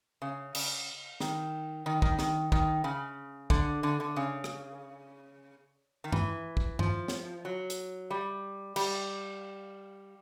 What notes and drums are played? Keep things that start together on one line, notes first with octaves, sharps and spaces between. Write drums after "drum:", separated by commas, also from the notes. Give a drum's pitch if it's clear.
C#3
C#3, drum: cymbal
D#3, drum: snare
D#3
D#3, drum: kick
D#3, drum: snare
D#3, drum: kick
C#3
D3, drum: kick
D3
D3
C#3
drum: rim click
D#3
E3, drum: tom G2
drum: kick
F3, drum: tom G2
drum: snare
F#3
drum: hi-hat
G3
G3, drum: cymbal